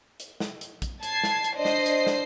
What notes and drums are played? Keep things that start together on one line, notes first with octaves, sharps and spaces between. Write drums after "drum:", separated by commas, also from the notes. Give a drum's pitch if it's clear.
drum: hi-hat
drum: snare
drum: hi-hat
drum: kick, hi-hat
A5 G#6 C7, drum: hi-hat
drum: snare
drum: hi-hat
D4 C5 D#5 C7
drum: snare
drum: hi-hat
drum: snare